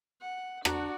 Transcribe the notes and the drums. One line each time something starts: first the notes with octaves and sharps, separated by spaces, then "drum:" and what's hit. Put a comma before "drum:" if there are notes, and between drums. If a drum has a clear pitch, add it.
F#5
D4 F#4 D5 F#5 A#5 D6, drum: rim click